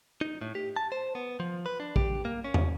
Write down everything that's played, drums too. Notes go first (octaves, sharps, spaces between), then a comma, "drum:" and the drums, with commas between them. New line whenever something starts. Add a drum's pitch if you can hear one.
D#4
A2
G4
A5
C5
B3
F3
B4
D4
G4, drum: kick
A#3
C#4
drum: tom E2